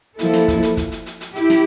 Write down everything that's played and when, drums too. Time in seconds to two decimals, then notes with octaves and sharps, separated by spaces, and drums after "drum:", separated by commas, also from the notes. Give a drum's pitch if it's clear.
0.19 F3 A#3 E4 A4, drum: hi-hat
0.33 drum: snare
0.48 drum: kick, hi-hat
0.62 drum: hi-hat
0.77 drum: kick, hi-hat
0.92 drum: hi-hat
1.06 drum: hi-hat
1.21 drum: hi-hat
1.36 E4 G4, drum: hi-hat
1.50 drum: snare